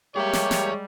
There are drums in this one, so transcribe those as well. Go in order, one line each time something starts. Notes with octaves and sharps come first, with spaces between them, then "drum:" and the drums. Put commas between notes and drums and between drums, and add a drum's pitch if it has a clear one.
G3 G#3 A#3 G4 G#4 C#5 E5
drum: snare
drum: snare